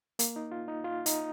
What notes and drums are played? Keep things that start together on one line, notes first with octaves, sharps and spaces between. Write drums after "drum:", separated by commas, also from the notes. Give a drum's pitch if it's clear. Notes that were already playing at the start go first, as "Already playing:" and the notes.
A#3, drum: hi-hat
D#4
F4
D#4
F4
D#4, drum: hi-hat